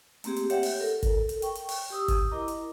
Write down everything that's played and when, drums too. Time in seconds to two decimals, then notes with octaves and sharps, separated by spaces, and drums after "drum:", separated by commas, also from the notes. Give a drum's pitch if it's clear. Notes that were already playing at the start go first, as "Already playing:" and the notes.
0.24 A3 A#3 C4 G4 G#4, drum: hi-hat
0.36 drum: hi-hat
0.50 G4 C#5 E5 F#5 G5, drum: hi-hat
0.63 drum: open hi-hat
0.81 A4 A#4
1.03 drum: kick G#1, hi-hat
1.29 drum: hi-hat
1.42 G5 C#6, drum: hi-hat
1.55 drum: hi-hat
1.69 drum: open hi-hat
1.90 G4 D#6 E6
2.08 drum: kick G#1, hi-hat
2.31 E4 A#4 D#5 A#5 D6
2.48 drum: hi-hat